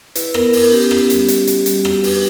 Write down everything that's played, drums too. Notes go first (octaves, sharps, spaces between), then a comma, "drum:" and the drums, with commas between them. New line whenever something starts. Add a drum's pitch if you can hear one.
E4 B4, drum: hi-hat
B3 A#4, drum: rim click
B3 A#4, drum: open hi-hat
C#4 G4
E4, drum: rim click
G3, drum: hi-hat
C#4, drum: hi-hat
F#4, drum: hi-hat
G3, drum: hi-hat
B3 G4, drum: rim click
D4 B4, drum: open hi-hat